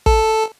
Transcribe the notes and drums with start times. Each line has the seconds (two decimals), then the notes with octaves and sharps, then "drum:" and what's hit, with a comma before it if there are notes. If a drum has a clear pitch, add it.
0.06 A4, drum: kick